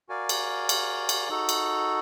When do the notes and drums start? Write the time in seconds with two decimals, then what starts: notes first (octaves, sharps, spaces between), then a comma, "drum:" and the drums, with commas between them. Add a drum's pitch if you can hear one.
0.09 F#4 A#4 D5 F5 G#5
0.29 drum: cymbal
0.69 drum: cymbal
1.09 drum: cymbal
1.29 D#4 F#4 A4
1.49 drum: cymbal